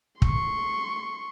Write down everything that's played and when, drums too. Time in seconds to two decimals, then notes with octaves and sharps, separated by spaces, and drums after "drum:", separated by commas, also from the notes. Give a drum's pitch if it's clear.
0.22 C6 C#6, drum: kick